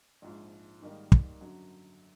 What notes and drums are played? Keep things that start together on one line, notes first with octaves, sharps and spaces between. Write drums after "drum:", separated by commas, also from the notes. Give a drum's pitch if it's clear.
A#1 G#2 F3
G#2 D#3 G3 A#3 D#4
drum: kick
F#2 D3 F#3